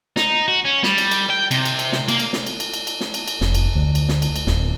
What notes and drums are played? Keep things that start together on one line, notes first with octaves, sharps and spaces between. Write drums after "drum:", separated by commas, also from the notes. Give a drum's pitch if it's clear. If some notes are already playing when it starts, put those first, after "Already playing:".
D#4, drum: snare
F#4
C#4
G3, drum: snare
drum: cymbal
drum: cymbal
G5
C3, drum: cymbal
drum: cymbal
drum: cymbal
drum: snare
A#3, drum: cymbal
drum: cymbal
drum: snare
drum: cymbal
drum: cymbal
drum: cymbal
drum: cymbal
drum: snare
drum: cymbal
drum: cymbal
F1, drum: snare
drum: cymbal
D2
drum: cymbal
drum: snare
drum: cymbal
drum: cymbal
D1, drum: snare